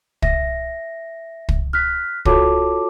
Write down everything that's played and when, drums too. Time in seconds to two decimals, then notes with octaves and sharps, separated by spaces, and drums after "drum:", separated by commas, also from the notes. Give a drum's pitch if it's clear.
0.22 E5 A#6, drum: kick
1.49 drum: kick
1.73 F6 F#6 B6
2.25 F4 F#4 A4 C#5 A5 D6, drum: kick